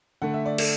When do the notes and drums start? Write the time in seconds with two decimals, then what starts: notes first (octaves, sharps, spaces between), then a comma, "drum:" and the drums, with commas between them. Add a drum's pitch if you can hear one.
0.22 D3 A3 F#5
0.34 E5
0.46 D5
0.58 A4, drum: cymbal